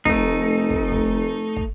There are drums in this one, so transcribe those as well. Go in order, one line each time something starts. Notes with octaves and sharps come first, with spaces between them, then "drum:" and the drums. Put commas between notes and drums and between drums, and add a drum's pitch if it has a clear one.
F1 A3 D#4, drum: kick
drum: kick
drum: kick
drum: kick